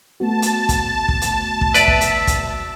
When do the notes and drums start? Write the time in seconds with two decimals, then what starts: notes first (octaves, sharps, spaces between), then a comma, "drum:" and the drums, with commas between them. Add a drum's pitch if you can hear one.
0.20 A3 B3 F#4 A5
0.42 drum: hi-hat
0.69 drum: kick, hi-hat
1.08 drum: kick
1.22 drum: hi-hat
1.61 drum: kick
1.74 B4 D5 E5, drum: hi-hat
1.88 drum: kick
2.01 drum: hi-hat
2.27 drum: kick, hi-hat